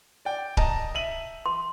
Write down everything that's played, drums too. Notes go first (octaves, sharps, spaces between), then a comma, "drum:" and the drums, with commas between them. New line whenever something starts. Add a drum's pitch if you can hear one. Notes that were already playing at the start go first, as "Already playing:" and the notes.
D5 G5
D#5 A5 A#5, drum: kick C#1
E5 D#7 F#7
C6